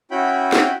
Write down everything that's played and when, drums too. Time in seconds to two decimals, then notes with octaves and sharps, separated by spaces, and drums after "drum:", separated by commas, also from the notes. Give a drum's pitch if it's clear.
0.11 C#4 E4 F#4 G5 B5
0.52 drum: snare